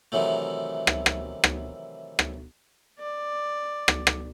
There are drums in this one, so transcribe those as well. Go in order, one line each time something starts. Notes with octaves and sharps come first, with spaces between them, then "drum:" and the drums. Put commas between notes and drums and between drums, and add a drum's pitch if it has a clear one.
C3 D#3 E3 F#3 A3
drum: rim click
drum: rim click
drum: rim click
drum: rim click
D5
drum: rim click
drum: rim click